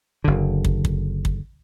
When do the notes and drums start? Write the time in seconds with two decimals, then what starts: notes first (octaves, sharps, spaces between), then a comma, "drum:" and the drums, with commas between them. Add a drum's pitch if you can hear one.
0.24 F#1 D3
0.65 drum: kick
0.85 drum: kick
1.25 drum: kick